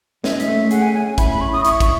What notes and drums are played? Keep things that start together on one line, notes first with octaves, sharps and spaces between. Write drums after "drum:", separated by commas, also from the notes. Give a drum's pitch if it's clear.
C#4 E5, drum: snare
D#5
E5, drum: hi-hat
A3
G#4 F#5, drum: hi-hat
G#5
C#4 G#5
E4 B5, drum: kick, hi-hat
B5
C#4 C#6
D#6
E4 C#6, drum: hi-hat
drum: kick, hi-hat